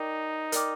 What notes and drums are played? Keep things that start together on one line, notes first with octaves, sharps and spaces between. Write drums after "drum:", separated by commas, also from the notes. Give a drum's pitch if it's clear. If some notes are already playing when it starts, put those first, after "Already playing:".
Already playing: D#4 A#4 D5 G5 D6
A#4 D5 G5 D6 F6, drum: hi-hat